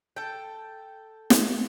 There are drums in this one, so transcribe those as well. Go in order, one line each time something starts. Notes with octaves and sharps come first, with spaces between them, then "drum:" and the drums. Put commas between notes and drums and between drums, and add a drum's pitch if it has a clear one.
A4 G5
drum: snare